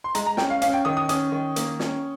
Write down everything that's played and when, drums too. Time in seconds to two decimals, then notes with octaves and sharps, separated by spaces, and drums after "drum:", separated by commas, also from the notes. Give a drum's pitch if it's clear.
0.04 C6
0.15 G#3 A#5, drum: hi-hat
0.27 A#5
0.37 C#4 G5, drum: snare
0.50 F5
0.62 C#4 F5, drum: hi-hat
0.73 G5
0.85 D#3 D#6
0.97 D#6
1.09 C#4 D#6, drum: hi-hat
1.32 D#3
1.56 A#3, drum: hi-hat
1.80 C#4, drum: snare